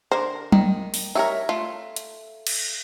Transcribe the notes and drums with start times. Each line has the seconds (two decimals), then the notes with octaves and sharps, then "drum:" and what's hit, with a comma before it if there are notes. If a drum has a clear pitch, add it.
0.11 D3 A#4 C5
0.52 D#3, drum: tom F#3
0.94 drum: open hi-hat
1.15 D#4 G4 A#4 C#5 E5
1.49 A3 F4
1.96 drum: hi-hat
2.47 drum: cymbal